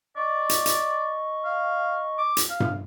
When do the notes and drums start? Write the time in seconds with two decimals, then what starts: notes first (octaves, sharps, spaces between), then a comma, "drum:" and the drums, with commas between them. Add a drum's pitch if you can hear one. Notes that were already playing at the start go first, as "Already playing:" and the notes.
0.16 D5 D#5 C#6
0.49 drum: hi-hat
0.66 drum: hi-hat
1.45 F5
2.18 D6
2.37 drum: hi-hat
2.50 F5
2.60 drum: tom G2